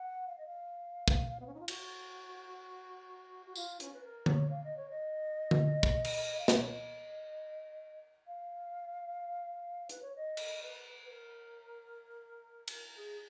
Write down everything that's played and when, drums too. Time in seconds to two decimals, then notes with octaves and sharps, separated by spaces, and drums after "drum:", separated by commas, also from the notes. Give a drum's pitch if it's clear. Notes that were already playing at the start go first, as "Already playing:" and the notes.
Already playing: F#5
0.27 F5
0.37 D#5
0.46 F5
1.08 drum: kick
1.39 B3
1.46 C#4
1.53 D#4
1.60 F4
1.68 F#4, drum: cymbal
3.46 F#4
3.56 F4, drum: tambourine
3.80 C#4, drum: hi-hat
3.93 B4
4.03 A#4
4.26 C#5, drum: tom D3
4.49 F5
4.64 D#5
4.76 C#5
4.89 D#5
5.51 drum: tom D3
5.83 drum: kick
6.05 drum: cymbal
6.38 F5
6.48 D#5, drum: snare
6.60 C#5
6.69 D#5
8.26 F5
9.89 B4, drum: hi-hat
10.02 C#5
10.15 D#5
10.37 drum: cymbal
10.62 B4
11.09 A#4
12.68 drum: cymbal
12.96 G#4